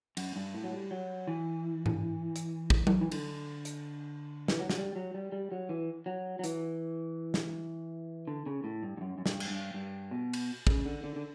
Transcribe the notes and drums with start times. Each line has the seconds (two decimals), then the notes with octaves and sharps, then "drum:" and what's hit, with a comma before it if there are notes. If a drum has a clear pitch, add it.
0.17 F#2, drum: cymbal
0.36 G2
0.55 A2
0.64 F#3
0.72 G3
0.91 F#3
1.27 E3
1.86 drum: tom G#2
2.36 drum: hi-hat
2.70 drum: kick
2.87 drum: tom F#3
3.01 E3
3.12 D3, drum: cymbal
3.65 drum: hi-hat
4.48 E3, drum: snare
4.59 F#3
4.70 F#3, drum: snare
4.78 G3
4.96 F#3
5.14 G3
5.32 G3
5.52 F#3
5.69 E3
6.06 F#3
6.39 F#3
6.44 E3, drum: hi-hat
7.34 drum: snare
8.27 D3
8.46 C#3
8.64 A2
8.83 G2
8.97 G2
9.01 F#2
9.18 F#2
9.26 G2, drum: snare
9.40 drum: cymbal
9.50 G2
9.74 G2
10.11 B2
10.33 drum: cymbal
10.67 C#3, drum: kick
10.85 D3
11.04 D3
11.16 D3